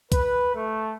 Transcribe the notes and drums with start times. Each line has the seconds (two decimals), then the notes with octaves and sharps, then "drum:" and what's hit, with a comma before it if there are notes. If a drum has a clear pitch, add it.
0.12 B4, drum: kick, hi-hat
0.54 A3